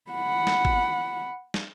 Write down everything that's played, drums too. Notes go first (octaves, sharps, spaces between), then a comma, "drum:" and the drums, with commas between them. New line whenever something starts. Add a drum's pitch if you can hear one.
F#5 B5
drum: snare
drum: kick G#1
drum: snare